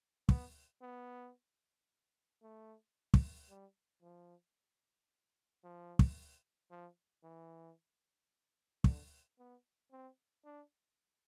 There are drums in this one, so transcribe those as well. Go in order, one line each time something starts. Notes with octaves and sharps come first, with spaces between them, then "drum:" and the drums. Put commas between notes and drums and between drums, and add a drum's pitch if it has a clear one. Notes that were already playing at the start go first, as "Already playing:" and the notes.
B3, drum: kick
B3
A3
drum: kick
G3
F3
F3
drum: kick
F3
E3
D3, drum: kick
B3
C4
D4